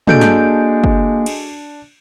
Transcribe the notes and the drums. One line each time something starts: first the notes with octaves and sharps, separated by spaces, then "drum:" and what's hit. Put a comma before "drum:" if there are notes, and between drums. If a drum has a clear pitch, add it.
G#3 A#3 D4 F#4 A4 G6 D7, drum: tom
drum: snare
drum: kick G1
drum: cymbal